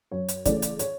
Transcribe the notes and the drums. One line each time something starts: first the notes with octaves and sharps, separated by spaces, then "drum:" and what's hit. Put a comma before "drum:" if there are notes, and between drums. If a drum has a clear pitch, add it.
F#2 C#5
drum: hi-hat
C#3 E3 A3 C#4 D5, drum: kick, hi-hat
drum: hi-hat
C#5, drum: hi-hat